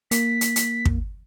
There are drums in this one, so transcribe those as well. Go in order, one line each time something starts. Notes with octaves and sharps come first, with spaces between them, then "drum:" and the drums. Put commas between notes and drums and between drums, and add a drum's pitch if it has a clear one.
A#3 B6, drum: hi-hat
drum: hi-hat
drum: hi-hat
drum: kick